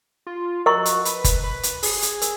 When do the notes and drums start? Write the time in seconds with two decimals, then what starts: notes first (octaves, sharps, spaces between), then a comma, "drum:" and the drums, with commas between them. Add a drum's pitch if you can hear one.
0.27 F4
0.66 F#4 A#4 D#5 A#5 C#6
0.85 drum: hi-hat
1.05 B4, drum: hi-hat
1.24 drum: kick F#1, hi-hat
1.44 B4
1.63 drum: hi-hat
1.83 G#4, drum: open hi-hat
2.02 drum: hi-hat
2.22 A#4, drum: hi-hat